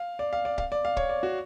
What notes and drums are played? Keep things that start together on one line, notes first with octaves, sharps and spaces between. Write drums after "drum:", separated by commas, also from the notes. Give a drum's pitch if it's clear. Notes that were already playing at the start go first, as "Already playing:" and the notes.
Already playing: F5
D5
F5
D5
F5, drum: kick
D5
F5
C#5, drum: kick
D5
F#4